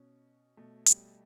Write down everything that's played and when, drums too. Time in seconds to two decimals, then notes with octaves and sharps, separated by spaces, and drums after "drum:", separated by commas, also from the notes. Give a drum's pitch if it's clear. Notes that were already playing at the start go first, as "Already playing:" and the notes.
Already playing: B2 C#4
0.57 B2 A3
0.86 G3, drum: hi-hat